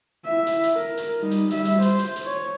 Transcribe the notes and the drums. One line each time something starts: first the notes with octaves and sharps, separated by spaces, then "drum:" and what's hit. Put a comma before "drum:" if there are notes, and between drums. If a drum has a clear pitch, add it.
E4 E5
drum: hi-hat
drum: hi-hat
A#4
drum: hi-hat
G3 D#4
drum: hi-hat
G3 E5, drum: hi-hat
drum: hi-hat
C5, drum: hi-hat
drum: hi-hat
drum: hi-hat
C#5